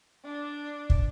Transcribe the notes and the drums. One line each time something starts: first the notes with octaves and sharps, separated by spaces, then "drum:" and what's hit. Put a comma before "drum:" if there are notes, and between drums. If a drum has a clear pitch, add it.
D4
drum: kick